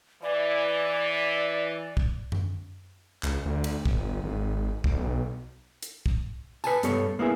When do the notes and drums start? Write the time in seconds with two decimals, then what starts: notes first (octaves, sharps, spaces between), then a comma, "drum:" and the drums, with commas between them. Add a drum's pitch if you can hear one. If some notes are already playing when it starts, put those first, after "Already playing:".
0.23 E3 D5
1.97 drum: kick
2.32 drum: tom F#2
3.23 C#2, drum: clap
3.46 D2
3.64 drum: cymbal
3.86 G1, drum: kick
4.24 G#1
4.84 D2, drum: kick
4.98 B1
5.82 drum: hi-hat
6.06 drum: kick
6.64 B4 G#5 A5, drum: tambourine
6.83 G2 B3 A4 C#5, drum: hi-hat
7.19 A#3 B3 E4 G#4